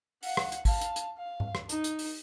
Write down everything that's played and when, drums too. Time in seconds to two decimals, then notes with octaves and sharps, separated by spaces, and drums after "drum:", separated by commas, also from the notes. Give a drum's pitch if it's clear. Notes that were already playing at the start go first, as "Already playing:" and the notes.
0.23 F5 F#5, drum: open hi-hat
0.37 drum: rim click
0.52 drum: hi-hat
0.65 F5 A5, drum: kick, open hi-hat
0.81 drum: hi-hat
0.96 drum: hi-hat
1.18 F5
1.40 drum: tom G#2
1.55 drum: rim click
1.69 D#4, drum: hi-hat
1.84 drum: hi-hat
1.99 drum: open hi-hat